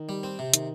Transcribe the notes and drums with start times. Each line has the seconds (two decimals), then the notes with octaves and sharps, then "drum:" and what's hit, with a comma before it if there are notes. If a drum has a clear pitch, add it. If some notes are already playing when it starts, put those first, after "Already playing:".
Already playing: D#3
0.09 G3
0.23 C4
0.39 C3
0.54 D#3, drum: hi-hat